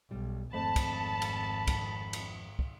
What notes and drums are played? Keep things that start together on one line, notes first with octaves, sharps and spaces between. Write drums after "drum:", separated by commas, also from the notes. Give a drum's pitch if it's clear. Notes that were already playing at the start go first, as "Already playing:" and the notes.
B1 G3
G#1 F2 A3 A5 B5
drum: kick, cymbal
drum: cymbal
drum: kick, cymbal
drum: cymbal
drum: kick